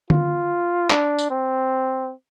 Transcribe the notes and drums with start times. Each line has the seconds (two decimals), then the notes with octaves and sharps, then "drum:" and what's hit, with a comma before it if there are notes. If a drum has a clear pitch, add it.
0.10 F4, drum: tom D3
0.90 D4, drum: clap
1.19 drum: tambourine
1.30 C4